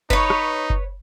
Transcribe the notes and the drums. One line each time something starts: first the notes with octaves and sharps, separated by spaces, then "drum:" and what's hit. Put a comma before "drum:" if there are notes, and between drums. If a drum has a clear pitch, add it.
D#4 B4 C#5, drum: kick F#1
drum: rim click
drum: kick F#1